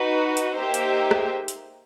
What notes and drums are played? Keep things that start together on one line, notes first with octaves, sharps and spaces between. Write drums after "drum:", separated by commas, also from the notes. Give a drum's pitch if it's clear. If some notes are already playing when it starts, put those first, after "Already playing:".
Already playing: D#4 F#4 B4
drum: hi-hat
A#3 D#4 G4 C5 E5
drum: hi-hat
drum: rim click
drum: hi-hat